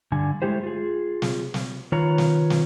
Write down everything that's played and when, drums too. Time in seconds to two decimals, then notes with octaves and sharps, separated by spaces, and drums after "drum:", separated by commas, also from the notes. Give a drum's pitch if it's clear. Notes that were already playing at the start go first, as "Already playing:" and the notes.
0.12 G2 D3 G#5
0.42 G#3 A3 E4 G4 C5
0.63 F4 G#4
1.22 drum: snare
1.54 drum: snare
1.92 D#3 F4 B4 C#5 A#5
2.18 drum: snare
2.50 drum: snare